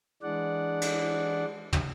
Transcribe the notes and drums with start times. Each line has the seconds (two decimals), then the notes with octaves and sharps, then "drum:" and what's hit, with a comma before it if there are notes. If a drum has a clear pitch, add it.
0.23 E3 G#3 D4 D5 F#5
0.81 drum: cymbal
1.73 drum: tom